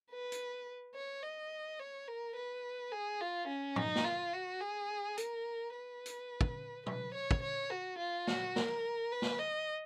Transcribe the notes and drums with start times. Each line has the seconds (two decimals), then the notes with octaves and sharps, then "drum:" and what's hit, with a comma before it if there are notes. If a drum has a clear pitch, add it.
0.11 B4
0.32 drum: hi-hat
0.95 C#5
1.23 D#5
1.79 C#5
2.08 A#4
2.36 B4
2.92 G#4
3.21 F4
3.48 C#4
3.76 D#4, drum: tom G2
3.95 drum: snare
4.04 F4
4.33 F#4
4.61 G#4
5.18 A#4, drum: hi-hat
5.74 B4
6.06 drum: hi-hat
6.41 drum: kick
6.86 B4, drum: tom B2
7.14 C#5
7.31 drum: kick
7.43 C#5
7.70 F#4
7.99 F4
8.27 F#4, drum: snare
8.56 A#4, drum: snare
9.12 B4
9.22 drum: snare
9.39 D#5